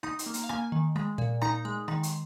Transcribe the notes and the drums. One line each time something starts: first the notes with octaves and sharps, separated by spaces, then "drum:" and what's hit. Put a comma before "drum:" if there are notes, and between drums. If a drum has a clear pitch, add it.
D#4 D#6, drum: rim click
C6, drum: hi-hat
A#3
A#5, drum: hi-hat
F5
A#3 G#5, drum: rim click
D#3
G#3, drum: rim click
A#2
D#4 A#5, drum: rim click
G#3
D#3, drum: rim click
C6, drum: hi-hat